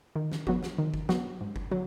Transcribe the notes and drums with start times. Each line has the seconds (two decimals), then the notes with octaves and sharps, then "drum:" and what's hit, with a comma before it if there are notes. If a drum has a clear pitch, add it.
0.16 D#3
0.32 drum: snare
0.47 F#3 B3 F#4, drum: kick G1
0.63 drum: snare
0.78 D#3
0.94 drum: kick G1
1.09 F#3 B3 F#4, drum: snare
1.41 G#2
1.56 drum: kick G1
1.71 F#3, drum: tom